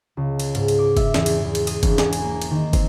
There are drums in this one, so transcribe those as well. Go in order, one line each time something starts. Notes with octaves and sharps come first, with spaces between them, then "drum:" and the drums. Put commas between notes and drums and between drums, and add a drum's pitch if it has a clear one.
C#2
drum: cymbal
G#2, drum: cymbal
drum: cymbal
D6
E5, drum: kick, cymbal
E2, drum: snare
drum: cymbal
E2
drum: cymbal
D#6, drum: cymbal
E1, drum: kick, cymbal
G#5, drum: snare
drum: cymbal
A#3
drum: cymbal
D#3
C4, drum: kick, cymbal